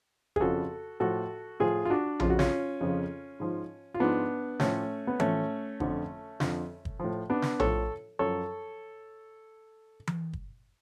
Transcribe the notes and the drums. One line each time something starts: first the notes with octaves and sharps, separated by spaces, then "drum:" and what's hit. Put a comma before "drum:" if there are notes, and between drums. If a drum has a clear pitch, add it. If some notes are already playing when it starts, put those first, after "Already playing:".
G#4, drum: kick
F2 C#3 F3 F#4 A4
A2 F3 F#4 A4
A2 F3 F4 G#4
F4
D4 F#4
F2 C#3 F3 F4, drum: tom A#1
F#4
C#4 F4, drum: snare
F2 C#3 F3
G#2 F3
F4
G#2 F3 B3 D4
A2 F3 A3 C#4, drum: snare
B3
A2 F3 A3 C#4, drum: tom E3
F2 D3 F3, drum: kick
F2 D3 F3, drum: snare
drum: kick
A2 F3
B3 D4
drum: snare
A2 F3 A4 C#5, drum: tom A#1
F#2 F3 A4 C#5
drum: tom E3
drum: kick